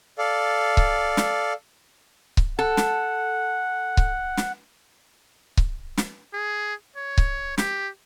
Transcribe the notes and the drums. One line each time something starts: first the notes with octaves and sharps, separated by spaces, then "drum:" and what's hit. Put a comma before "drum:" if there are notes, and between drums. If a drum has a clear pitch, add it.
A4 D5 F5
drum: kick C#1
drum: snare
drum: kick C#1
A4 F#5
drum: snare
drum: kick C#1
drum: snare
drum: kick C#1
drum: snare
G#4
C#5
drum: kick C#1
G4, drum: snare